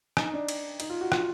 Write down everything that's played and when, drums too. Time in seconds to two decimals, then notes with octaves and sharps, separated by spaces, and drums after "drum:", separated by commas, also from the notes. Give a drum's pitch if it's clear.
0.17 D#4, drum: rim click
0.33 D4
0.49 drum: cymbal
0.80 D#4, drum: cymbal
0.90 F4
1.01 F#4
1.12 F4, drum: rim click